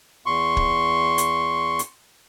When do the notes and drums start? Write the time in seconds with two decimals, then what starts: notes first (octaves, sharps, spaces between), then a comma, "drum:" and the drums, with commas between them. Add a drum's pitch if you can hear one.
0.26 E2 C6 C#6
0.57 drum: kick
1.18 drum: hi-hat
1.79 drum: hi-hat